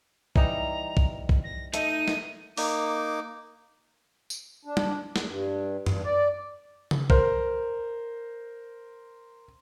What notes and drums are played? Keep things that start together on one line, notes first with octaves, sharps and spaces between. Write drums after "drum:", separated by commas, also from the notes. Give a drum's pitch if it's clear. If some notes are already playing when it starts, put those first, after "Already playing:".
E3 G3 D#4 A#5, drum: kick
drum: kick
drum: kick
A#6
A3 D#4 D#7, drum: hi-hat
drum: snare
A#3 D#4 D6, drum: open hi-hat
drum: tambourine
D4
drum: tom
E2, drum: snare
G2
G2, drum: tom F#2
D5
drum: tom C#3
A#4 C5, drum: kick